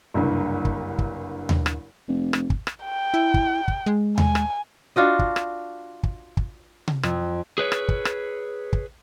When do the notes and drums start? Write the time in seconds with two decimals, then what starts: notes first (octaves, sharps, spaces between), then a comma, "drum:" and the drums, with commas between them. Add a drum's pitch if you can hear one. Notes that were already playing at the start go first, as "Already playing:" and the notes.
0.14 F#1 C2 G2
0.65 drum: kick
0.99 drum: kick
1.49 drum: tom D#2
1.66 drum: rim click
2.08 F1
2.33 drum: rim click
2.50 drum: kick
2.67 drum: rim click
2.84 G5
3.14 E4
3.34 drum: kick
3.68 drum: kick
3.86 G#3
4.18 G#5, drum: tom D#2
4.35 drum: rim click
4.96 D4 F4 F#4 D#5
5.19 drum: kick
5.36 drum: rim click
6.03 drum: kick
6.37 drum: kick
6.88 drum: tom C3
7.03 F2, drum: rim click
7.58 G#4 B4 C#5
7.72 drum: rim click
7.89 drum: kick
8.05 drum: rim click
8.73 drum: kick